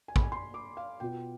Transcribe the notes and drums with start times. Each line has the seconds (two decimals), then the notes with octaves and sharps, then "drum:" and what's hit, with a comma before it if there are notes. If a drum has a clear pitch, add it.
0.08 G#5
0.16 B5, drum: kick
0.23 G#5
0.32 C6
0.54 D6
0.77 F5
1.00 B2 B3 F4 G5